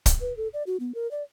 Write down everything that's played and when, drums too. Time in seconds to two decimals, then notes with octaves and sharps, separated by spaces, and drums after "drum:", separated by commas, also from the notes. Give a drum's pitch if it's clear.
0.06 drum: kick, hi-hat
0.21 B4
0.37 A4
0.54 D5
0.67 F#4
0.80 B3
0.95 A#4
1.11 D5